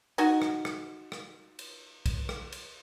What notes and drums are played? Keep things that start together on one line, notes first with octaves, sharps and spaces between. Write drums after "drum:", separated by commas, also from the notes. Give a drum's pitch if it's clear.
D#4 F#4 D#5 G#5, drum: cymbal
drum: rim click
drum: rim click
drum: rim click
drum: cymbal
drum: kick B1, cymbal
drum: rim click
drum: cymbal